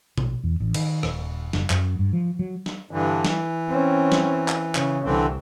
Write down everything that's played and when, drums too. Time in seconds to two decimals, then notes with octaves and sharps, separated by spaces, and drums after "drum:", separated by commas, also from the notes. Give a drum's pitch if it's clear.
0.18 A#1, drum: tom B2
0.44 E2
0.60 A1
0.74 D#3, drum: cymbal
1.03 D#1, drum: rim click
1.53 F#1, drum: snare
1.70 F#2, drum: clap
1.99 G2
2.13 F3
2.39 F#3
2.66 drum: snare
2.91 G2 D3 E3
3.25 E3, drum: snare
3.69 C4 C#4
4.12 drum: snare
4.48 drum: clap
4.75 C#3, drum: clap
5.04 C2 D3 E3 C4